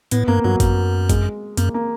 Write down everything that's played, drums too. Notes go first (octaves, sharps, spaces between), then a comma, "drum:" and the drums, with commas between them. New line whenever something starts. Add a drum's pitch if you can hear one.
A2 B3, drum: hi-hat
G2 A#3
G2 F#3
F#2, drum: kick G#1, hi-hat
G#3, drum: kick G#1, hi-hat
F#2 A#3, drum: hi-hat
A#3